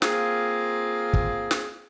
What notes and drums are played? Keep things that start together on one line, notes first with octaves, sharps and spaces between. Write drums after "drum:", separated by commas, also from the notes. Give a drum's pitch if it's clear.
A#3 C4 F4 G#4, drum: snare
drum: kick
drum: snare